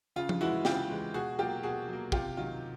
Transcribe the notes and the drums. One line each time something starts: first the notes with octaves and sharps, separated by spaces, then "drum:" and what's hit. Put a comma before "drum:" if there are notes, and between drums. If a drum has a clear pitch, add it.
C#3 F4
drum: tom F3
E3 G#3 E4 F#4
C#3 F4 G4, drum: snare
E3 G#3
B2 F#4 G#4
F#3 A#3 F4 G4
B2 F#4 G#4
F#3 A#3
C3 F4 G4, drum: kick
D#3 F#3 F4